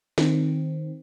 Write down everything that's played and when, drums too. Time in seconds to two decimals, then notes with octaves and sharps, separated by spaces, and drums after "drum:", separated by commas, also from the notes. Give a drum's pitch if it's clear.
0.18 D#3 C4, drum: snare